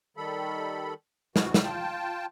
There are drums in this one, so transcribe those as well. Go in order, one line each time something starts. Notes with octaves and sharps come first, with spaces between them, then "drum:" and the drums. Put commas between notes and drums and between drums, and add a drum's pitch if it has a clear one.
D#3 G3 A4 B5
D2 E3 F#4, drum: snare
drum: snare
F4 G5 A5